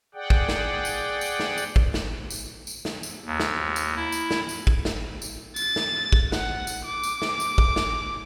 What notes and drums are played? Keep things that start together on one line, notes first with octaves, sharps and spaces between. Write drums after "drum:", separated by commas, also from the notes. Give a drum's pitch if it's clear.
G#4 D5 F#5 G5
drum: kick
drum: snare
drum: tambourine
drum: tambourine
drum: snare
drum: tambourine
drum: kick
drum: snare
drum: tambourine
drum: tambourine
drum: snare
drum: tambourine
D#2
drum: snare
drum: tambourine
E4
drum: tambourine
drum: snare
drum: tambourine
drum: kick
drum: snare
drum: tambourine
A6, drum: tambourine
drum: snare
drum: kick
F#5, drum: snare
drum: tambourine
D6
drum: tambourine
drum: snare
drum: tambourine
drum: kick
drum: snare